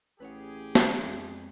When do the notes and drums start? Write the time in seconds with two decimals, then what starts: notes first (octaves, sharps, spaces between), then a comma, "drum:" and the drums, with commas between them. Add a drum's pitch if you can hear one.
0.20 A1 G4 G#4 B4 C#5 F#5
0.75 drum: snare
1.04 F2 G#3